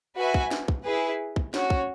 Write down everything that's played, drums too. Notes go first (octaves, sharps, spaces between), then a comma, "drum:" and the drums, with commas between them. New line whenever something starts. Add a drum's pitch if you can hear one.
F#4 B4 E5 G#5
drum: kick
drum: snare
drum: kick
E4 G#4 B4
drum: kick
C#4 F#4 C#5, drum: snare
drum: kick